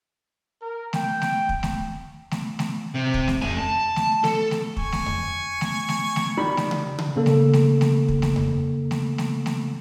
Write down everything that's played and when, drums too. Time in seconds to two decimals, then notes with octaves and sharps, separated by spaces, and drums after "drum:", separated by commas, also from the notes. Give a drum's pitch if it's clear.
0.62 A#4
0.93 G5, drum: snare A3
1.22 drum: snare A3
1.49 drum: kick
1.63 drum: snare A3
2.31 drum: snare A3
2.59 drum: snare A3
2.95 C3
3.14 drum: kick
3.28 drum: snare A3
3.42 A3 G#5, drum: tom E2
3.58 A5
3.96 drum: snare A3
4.24 A4, drum: snare A3
4.51 drum: snare A3
4.77 G#5 C#6, drum: kick
4.92 drum: snare A3
5.06 drum: tom E2
5.61 drum: snare A3
5.89 drum: snare A3
6.16 drum: snare A3
6.37 D#3 G3 B5
6.57 drum: snare A3
6.71 drum: tom C#3
6.98 drum: tom C#3
7.16 C#3 A#3 A4
7.26 drum: snare A3
7.53 drum: snare A3
7.81 drum: snare A3
8.08 drum: kick
8.22 drum: snare A3
8.36 drum: tom E2
8.91 drum: snare A3
9.18 drum: snare A3
9.46 drum: snare A3